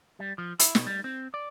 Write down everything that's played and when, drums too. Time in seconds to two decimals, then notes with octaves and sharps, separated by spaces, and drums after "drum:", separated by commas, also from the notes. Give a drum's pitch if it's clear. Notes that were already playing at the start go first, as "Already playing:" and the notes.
0.20 G3
0.38 F3
0.59 E4, drum: hi-hat
0.75 B2, drum: snare
0.87 G3
1.04 C4
1.34 D5